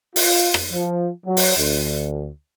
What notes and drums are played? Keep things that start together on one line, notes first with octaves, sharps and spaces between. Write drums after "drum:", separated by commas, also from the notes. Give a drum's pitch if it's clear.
F4, drum: open hi-hat
drum: rim click
F3
F#3
drum: open hi-hat
D2